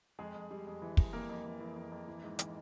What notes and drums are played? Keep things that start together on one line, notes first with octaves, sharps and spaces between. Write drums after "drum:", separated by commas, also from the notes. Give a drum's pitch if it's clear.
F2 G#3 G#4
F2
G3
F2
E3
F2, drum: kick
F2 A#3 A#4
F2
E3
E3
F2
F2
E3
G#2
E3, drum: hi-hat